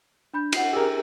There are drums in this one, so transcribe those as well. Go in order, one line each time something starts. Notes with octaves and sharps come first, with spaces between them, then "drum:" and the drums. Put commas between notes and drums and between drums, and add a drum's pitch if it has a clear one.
D4 B5 G6
F#5 C7, drum: cymbal
G4 G#4 A#4 E6